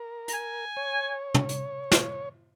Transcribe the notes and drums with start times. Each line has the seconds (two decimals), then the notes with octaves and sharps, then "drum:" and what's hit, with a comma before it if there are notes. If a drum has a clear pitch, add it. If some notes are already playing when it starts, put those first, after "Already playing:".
Already playing: A#4
0.28 A#5, drum: hi-hat
0.34 G#5
0.77 C#5
1.34 drum: tom
1.49 drum: hi-hat
1.92 drum: snare